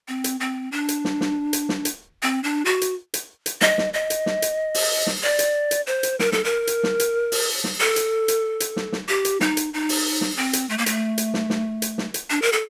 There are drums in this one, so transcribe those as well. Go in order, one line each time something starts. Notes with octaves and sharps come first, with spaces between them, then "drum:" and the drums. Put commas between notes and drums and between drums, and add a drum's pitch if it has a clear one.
C4
drum: hi-hat
C4
D4
drum: hi-hat
drum: snare
drum: snare
drum: hi-hat
drum: snare
drum: hi-hat
C4
D4
F#4
drum: hi-hat
drum: hi-hat
drum: hi-hat
D#5, drum: snare
drum: snare
D#5
drum: hi-hat
drum: snare
drum: hi-hat
drum: open hi-hat
drum: snare
D5
drum: hi-hat
drum: hi-hat
C5
drum: hi-hat
A#4, drum: snare
A4, drum: snare
A#4
drum: hi-hat
drum: snare
drum: hi-hat
drum: open hi-hat
drum: snare
A4
drum: hi-hat
drum: hi-hat
drum: hi-hat
drum: snare
drum: snare
G4
drum: hi-hat
D#4, drum: snare
drum: hi-hat
D#4
drum: open hi-hat
drum: snare
C4
drum: hi-hat
A3
A#3
A3, drum: hi-hat
drum: hi-hat
drum: snare
drum: snare
drum: hi-hat
drum: snare
drum: hi-hat
D4
A#4
A4